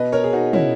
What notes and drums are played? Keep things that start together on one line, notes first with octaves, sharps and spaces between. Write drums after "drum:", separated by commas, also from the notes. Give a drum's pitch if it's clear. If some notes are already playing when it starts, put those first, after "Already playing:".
Already playing: B2 B4 D#5
A#4 C#5
G#4
D#4 F#4
C#4 E4, drum: tom